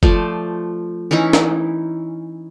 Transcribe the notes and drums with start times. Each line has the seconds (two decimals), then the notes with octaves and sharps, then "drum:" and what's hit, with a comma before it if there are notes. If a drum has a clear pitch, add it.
0.03 F3 A3 C5 D5, drum: kick F#1
1.11 E3 C#4 D#4 E4
1.33 drum: snare